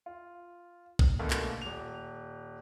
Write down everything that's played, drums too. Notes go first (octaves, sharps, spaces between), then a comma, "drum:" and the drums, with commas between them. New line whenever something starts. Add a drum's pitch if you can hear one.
F4
drum: kick
D2 B2 A3 A#3
drum: clap
D#1 F7